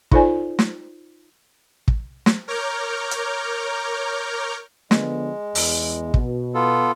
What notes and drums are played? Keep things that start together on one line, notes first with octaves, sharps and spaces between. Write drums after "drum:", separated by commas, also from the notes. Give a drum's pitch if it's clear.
D#4 F4 A4 C5 D5 G#5, drum: kick
drum: snare
drum: kick
drum: snare
A#4 C#5 A#5 D6 F6 G6
drum: hi-hat
D3 F3 G#3 B3, drum: snare
E2, drum: open hi-hat
B2, drum: kick
B3 F4 A4